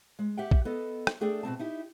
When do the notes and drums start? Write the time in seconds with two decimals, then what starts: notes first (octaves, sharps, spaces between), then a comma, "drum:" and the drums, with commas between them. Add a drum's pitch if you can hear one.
0.19 G#3
0.37 G4 E5 F#5 G5
0.51 drum: kick A#1
0.65 B3 A4 D#5
1.07 drum: rim click
1.21 A3 D4 G#4 A4 D5 G5
1.43 B2 D#3 C4 A5
1.59 D#4 E4 G4